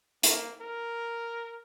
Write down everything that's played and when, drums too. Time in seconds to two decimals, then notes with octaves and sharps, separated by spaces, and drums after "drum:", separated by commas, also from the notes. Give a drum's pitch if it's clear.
0.23 A#3, drum: hi-hat
0.61 A#4